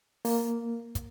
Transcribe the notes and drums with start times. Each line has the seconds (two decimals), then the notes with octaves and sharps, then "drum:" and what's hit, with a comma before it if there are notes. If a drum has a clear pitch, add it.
0.25 A#3, drum: open hi-hat
0.95 drum: kick, hi-hat